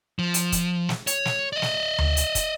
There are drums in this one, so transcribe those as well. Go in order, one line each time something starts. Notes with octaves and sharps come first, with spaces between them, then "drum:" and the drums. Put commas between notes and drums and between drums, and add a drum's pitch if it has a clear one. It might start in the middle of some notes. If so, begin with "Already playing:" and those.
F3
drum: hi-hat
drum: kick, hi-hat
drum: snare
C#5, drum: hi-hat
drum: snare
D5 D#5
drum: snare
drum: tom D2
drum: hi-hat
drum: kick, hi-hat